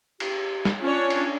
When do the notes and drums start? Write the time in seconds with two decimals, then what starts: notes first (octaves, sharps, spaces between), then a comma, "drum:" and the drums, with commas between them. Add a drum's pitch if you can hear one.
0.20 G4, drum: cymbal
0.65 drum: snare
0.80 C#4 D4 F4 C#5
1.10 drum: cymbal